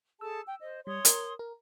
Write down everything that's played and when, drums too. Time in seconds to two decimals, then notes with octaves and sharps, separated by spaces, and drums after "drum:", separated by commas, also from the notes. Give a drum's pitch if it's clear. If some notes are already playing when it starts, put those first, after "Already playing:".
0.21 G#4 A4 A5 E6
0.47 G5
0.62 C5 D#5
0.87 G3 C#5 C6 D#6
1.05 A#4, drum: hi-hat
1.39 A#4